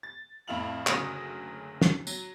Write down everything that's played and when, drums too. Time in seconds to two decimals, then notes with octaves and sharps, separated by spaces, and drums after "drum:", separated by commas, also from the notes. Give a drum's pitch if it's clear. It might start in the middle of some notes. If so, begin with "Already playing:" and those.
0.03 A6
0.48 F2 A2 E4 F5 F7 F#7
0.87 F#1 D2 C#3 F#3 D#6 A#6, drum: clap
1.82 drum: snare
2.07 F#3, drum: tambourine